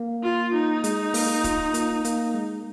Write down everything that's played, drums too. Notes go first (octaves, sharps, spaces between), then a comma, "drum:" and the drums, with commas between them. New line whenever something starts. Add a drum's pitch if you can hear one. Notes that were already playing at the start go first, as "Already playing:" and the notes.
Already playing: A#3
F4
D#4
G#3, drum: hi-hat
A#3, drum: open hi-hat
F4, drum: kick, hi-hat
A#3, drum: hi-hat
A#3, drum: hi-hat
G#3